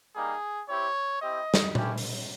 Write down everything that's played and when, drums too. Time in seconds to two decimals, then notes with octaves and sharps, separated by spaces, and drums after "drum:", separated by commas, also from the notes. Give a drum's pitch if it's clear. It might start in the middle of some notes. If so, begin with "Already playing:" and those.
0.15 G3 A#3 D#4 G#4
0.68 C4 E4 G4 C#5
1.21 C4 E4 G4 D#5
1.54 drum: snare
1.75 A3 C#4 E4 G4, drum: tom A#2
1.98 drum: open hi-hat